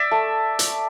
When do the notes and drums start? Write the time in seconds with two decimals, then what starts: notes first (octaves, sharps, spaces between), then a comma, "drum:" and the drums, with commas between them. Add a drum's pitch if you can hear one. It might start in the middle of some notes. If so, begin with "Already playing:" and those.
Already playing: D5 E5
0.11 A3
0.59 drum: hi-hat